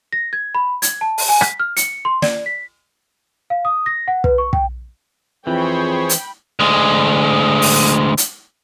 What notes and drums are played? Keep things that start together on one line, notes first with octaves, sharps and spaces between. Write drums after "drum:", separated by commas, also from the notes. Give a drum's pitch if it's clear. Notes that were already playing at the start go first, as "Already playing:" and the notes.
A#6
G#6
B5
G#6, drum: hi-hat
A5
drum: open hi-hat
G#5
B6, drum: rim click
F6
C#7, drum: hi-hat
C6
D5, drum: snare
B6
F5
D#6
A#6
F#5
B4, drum: kick
C#6
G5, drum: kick
F2 E3 G#4 C5 C#5 G5 B5
drum: hi-hat
D2 G#3
drum: open hi-hat
drum: hi-hat